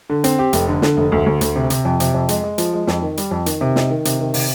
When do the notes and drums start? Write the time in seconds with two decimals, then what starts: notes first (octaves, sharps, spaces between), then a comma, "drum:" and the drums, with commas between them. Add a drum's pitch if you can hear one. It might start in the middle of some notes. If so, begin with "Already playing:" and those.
0.10 D3
0.24 C4, drum: hi-hat
0.39 G4
0.53 F1, drum: hi-hat
0.68 D3
0.82 D3, drum: snare
0.97 F1
1.12 D2
1.26 D2
1.41 D2, drum: hi-hat
1.56 C3
1.70 C3, drum: hi-hat
1.85 F2
2.00 C3, drum: hi-hat
2.14 F2
2.29 G#3, drum: hi-hat
2.44 G#3
2.58 F3, drum: hi-hat
2.73 G#3
2.87 F2, drum: snare
3.02 D#3
3.17 G3, drum: hi-hat
3.31 F2
3.46 D#3, drum: hi-hat
3.61 C3
3.76 D#4, drum: snare
3.91 D#3
4.05 C3, drum: hi-hat
4.20 D#3
4.34 C3, drum: open hi-hat